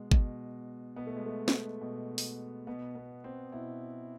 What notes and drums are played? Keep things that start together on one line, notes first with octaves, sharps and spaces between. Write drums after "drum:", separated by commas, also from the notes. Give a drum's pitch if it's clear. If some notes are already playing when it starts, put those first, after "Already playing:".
Already playing: B2 G#3
B2, drum: kick G1
B2 B3
A3
G#3
A3
drum: snare
B2
drum: open hi-hat
B2 B3
B3
C4
B2 E4